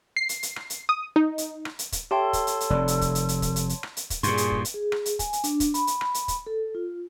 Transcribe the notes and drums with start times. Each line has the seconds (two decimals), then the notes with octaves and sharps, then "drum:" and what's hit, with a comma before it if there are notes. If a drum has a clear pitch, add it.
0.17 C7
0.29 drum: hi-hat
0.43 drum: hi-hat
0.56 drum: rim click
0.70 drum: hi-hat
0.89 D#6
1.16 D#4
1.38 drum: hi-hat
1.65 drum: rim click
1.79 drum: hi-hat
1.92 drum: kick, hi-hat
2.11 G4 A4 C#5 E5 G5 A5 C6
2.33 drum: kick, hi-hat
2.47 drum: hi-hat
2.60 drum: hi-hat
2.70 F1 D5
2.88 drum: hi-hat
3.01 drum: kick, hi-hat
3.15 drum: hi-hat
3.29 drum: hi-hat
3.42 drum: kick, hi-hat
3.56 drum: hi-hat
3.69 drum: hi-hat
3.83 drum: rim click
3.97 drum: hi-hat
4.10 drum: kick, hi-hat
4.23 G2 A#2 G#4 C6 C#6, drum: hi-hat
4.37 drum: hi-hat
4.51 drum: kick
4.65 drum: hi-hat
4.74 G#4
4.92 drum: rim click
5.06 drum: hi-hat
5.19 G#5, drum: kick, hi-hat
5.33 drum: hi-hat
5.44 D4, drum: hi-hat
5.60 drum: kick, hi-hat
5.74 B5, drum: hi-hat
5.87 drum: hi-hat
6.01 drum: rim click
6.14 drum: hi-hat
6.28 drum: kick, hi-hat
6.47 A4
6.75 F4